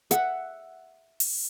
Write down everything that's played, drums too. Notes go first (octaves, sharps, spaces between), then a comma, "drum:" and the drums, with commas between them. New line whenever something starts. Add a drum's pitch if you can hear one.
E5 F#5, drum: hi-hat
drum: open hi-hat